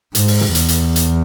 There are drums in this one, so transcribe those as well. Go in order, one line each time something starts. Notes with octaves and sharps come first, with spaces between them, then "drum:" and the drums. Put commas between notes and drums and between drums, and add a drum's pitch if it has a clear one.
G#2, drum: hi-hat
drum: open hi-hat
drum: tom
E2, drum: hi-hat
drum: hi-hat
drum: hi-hat